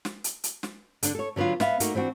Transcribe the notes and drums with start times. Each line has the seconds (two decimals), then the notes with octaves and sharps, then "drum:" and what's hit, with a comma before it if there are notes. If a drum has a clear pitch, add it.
0.05 drum: snare
0.24 drum: hi-hat
0.44 drum: hi-hat
0.63 drum: snare
1.03 D3 D4, drum: hi-hat
1.15 A4 C#5
1.36 D3 F#3 B3 D4 F4
1.60 B3 E5 F5, drum: snare
1.80 A3 A#3 D#4 F#4, drum: hi-hat
1.95 E3 C4 D4 F#4